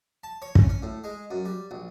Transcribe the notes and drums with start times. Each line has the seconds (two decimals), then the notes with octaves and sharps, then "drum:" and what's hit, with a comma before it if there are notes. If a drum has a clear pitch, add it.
0.24 A5
0.42 C#5
0.55 C#4, drum: kick
0.69 C#4
0.83 A2
1.04 G#3
1.31 F#2
1.45 G3
1.71 A#1